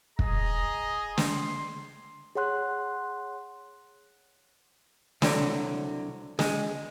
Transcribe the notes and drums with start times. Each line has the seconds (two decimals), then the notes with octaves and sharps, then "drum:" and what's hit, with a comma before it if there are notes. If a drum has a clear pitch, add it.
0.19 G#4 D#5 A#5, drum: kick
1.18 C6, drum: snare
2.35 G#4 C#5 F#5 C6 F#6
5.22 C2 D3 F#3, drum: snare
6.39 G#3, drum: snare